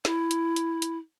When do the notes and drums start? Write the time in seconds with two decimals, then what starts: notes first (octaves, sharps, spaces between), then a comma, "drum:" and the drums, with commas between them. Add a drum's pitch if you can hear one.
0.05 E4, drum: snare
0.31 drum: hi-hat
0.56 drum: hi-hat
0.82 drum: hi-hat